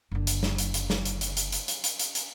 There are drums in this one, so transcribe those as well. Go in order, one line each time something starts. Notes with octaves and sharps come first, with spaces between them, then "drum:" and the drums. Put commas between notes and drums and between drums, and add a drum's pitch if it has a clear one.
F#1 D3
drum: hi-hat
drum: snare
drum: hi-hat
drum: hi-hat
drum: snare
drum: hi-hat
drum: hi-hat
drum: hi-hat
drum: hi-hat
drum: hi-hat
drum: hi-hat
drum: hi-hat
drum: hi-hat